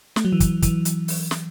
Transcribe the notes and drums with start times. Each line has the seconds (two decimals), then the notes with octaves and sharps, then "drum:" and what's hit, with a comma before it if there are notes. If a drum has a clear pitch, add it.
0.16 A3, drum: snare
0.25 F#3
0.32 E3
0.40 F#3, drum: kick, hi-hat
0.62 E3, drum: kick, hi-hat
0.85 drum: hi-hat
1.08 drum: open hi-hat
1.31 drum: snare